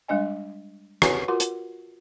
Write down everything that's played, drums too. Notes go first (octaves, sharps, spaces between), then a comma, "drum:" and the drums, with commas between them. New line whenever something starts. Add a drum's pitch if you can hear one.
G3 G#3 D4 D#5 G#5
F#4 B4 C#5 F#5 G#5 A#5, drum: rim click
F4 F#4 A#4 F#5 C6
drum: hi-hat